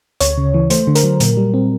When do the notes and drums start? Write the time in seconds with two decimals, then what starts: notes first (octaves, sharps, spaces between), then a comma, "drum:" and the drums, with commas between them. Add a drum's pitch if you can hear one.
0.21 D2 C#5, drum: hi-hat
0.38 C#3
0.54 E3
0.70 A3 C5, drum: hi-hat
0.87 D3
0.95 A#4, drum: hi-hat
1.04 F#3
1.20 A#2, drum: hi-hat
1.37 G3
1.54 C4